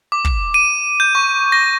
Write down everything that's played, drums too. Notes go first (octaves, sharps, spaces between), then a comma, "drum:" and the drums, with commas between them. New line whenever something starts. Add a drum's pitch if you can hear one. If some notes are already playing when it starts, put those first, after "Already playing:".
D6
drum: kick
D#7
G6
C#6
A#6